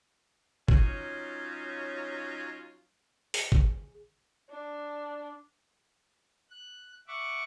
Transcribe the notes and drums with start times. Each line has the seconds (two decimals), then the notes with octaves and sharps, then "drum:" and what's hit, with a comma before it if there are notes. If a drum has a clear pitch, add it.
0.68 F#3 C#4 D#4 F4, drum: kick G#1
3.34 G#4, drum: open hi-hat
3.52 drum: kick G#1
4.50 D4
6.50 F#6
7.08 E5 F#5 C#6 D6